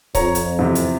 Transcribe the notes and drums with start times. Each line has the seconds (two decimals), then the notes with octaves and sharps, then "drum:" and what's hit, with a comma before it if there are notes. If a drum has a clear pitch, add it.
0.15 F2 C#5 A#5, drum: kick C#1, hi-hat
0.35 drum: hi-hat
0.59 E2 C3
0.75 drum: hi-hat